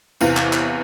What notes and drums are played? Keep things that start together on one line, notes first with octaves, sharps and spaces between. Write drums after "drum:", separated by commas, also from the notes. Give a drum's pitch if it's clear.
E2 C3 E3 F5, drum: tambourine
drum: clap
drum: clap